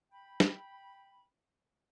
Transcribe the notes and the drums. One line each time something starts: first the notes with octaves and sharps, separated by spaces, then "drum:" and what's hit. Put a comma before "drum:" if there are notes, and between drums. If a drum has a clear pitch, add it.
G5 B5
drum: snare